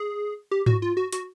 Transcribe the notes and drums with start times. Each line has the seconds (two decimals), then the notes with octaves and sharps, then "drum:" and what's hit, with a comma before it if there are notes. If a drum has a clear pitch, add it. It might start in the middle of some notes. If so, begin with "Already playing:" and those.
Already playing: G#4
0.51 G4
0.66 F#4, drum: tom G#2
0.82 F4
0.97 F#4
1.13 F#4, drum: hi-hat